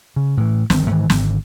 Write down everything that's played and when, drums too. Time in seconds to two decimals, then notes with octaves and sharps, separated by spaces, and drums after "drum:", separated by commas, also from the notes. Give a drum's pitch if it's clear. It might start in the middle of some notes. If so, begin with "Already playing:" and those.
0.16 C#3
0.37 A2 E3
0.70 G1 D#3 F3 C4, drum: snare
0.90 G#2 D#3 E3
1.10 G#1 D3, drum: snare